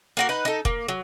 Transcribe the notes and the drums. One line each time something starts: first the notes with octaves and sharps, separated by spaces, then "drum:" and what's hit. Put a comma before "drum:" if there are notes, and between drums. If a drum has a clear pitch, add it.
A#3 F#4 A#4
D#4 B4 F#5
D#4 A4
A#3, drum: kick F1
F#3